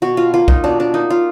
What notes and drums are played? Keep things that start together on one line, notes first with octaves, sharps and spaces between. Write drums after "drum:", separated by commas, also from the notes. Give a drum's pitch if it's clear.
B2 F#4
F4
A#3 F4
D#4, drum: kick B1
B2 D4
D4
A#3 D#4
F4